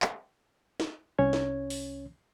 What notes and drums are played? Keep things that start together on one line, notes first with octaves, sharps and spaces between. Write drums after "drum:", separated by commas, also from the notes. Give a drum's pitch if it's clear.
drum: clap
drum: snare
C2 C#4 C#5 G#6
drum: snare
drum: open hi-hat